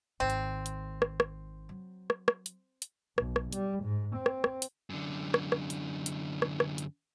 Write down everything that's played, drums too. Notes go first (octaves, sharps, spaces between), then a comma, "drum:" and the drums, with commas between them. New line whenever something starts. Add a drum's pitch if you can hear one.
G#1 D#3 C4
drum: hi-hat
drum: hi-hat
drum: rim click
drum: rim click
F#3
drum: rim click
drum: rim click
drum: hi-hat
drum: hi-hat
B1, drum: rim click
drum: rim click
G3, drum: hi-hat
G#2
C4
drum: rim click
drum: rim click
drum: hi-hat
F#2 D3
drum: rim click
drum: rim click
drum: hi-hat
drum: hi-hat
drum: rim click
drum: rim click
drum: hi-hat